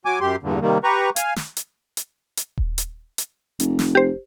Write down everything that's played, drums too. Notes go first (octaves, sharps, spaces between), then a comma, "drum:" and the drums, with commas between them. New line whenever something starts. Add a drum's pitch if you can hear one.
F#3 G#5 D6
F#2 G4 C6
E2 G2 A#2 D3
C3 D#3 G3 A#3
G4 B4 A#5 C#6
F5 G#5, drum: hi-hat
drum: snare
drum: hi-hat
drum: hi-hat
drum: hi-hat
drum: kick D#1
drum: hi-hat
drum: hi-hat
F1, drum: hi-hat
drum: snare
G4 C5